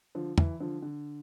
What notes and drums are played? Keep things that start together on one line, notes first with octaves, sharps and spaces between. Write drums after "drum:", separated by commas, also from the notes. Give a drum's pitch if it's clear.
D3 F3
E3, drum: tom
D3 F3
D3